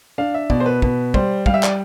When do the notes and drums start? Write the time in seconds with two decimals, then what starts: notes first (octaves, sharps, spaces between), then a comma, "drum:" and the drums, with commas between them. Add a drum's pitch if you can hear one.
0.18 D4 F5
0.34 E5
0.50 B2 D5, drum: kick
0.60 C5
0.66 B4
0.82 B2 B4, drum: kick
1.14 G3 C5, drum: kick
1.46 G3 F5, drum: kick
1.54 E5
1.63 D5, drum: clap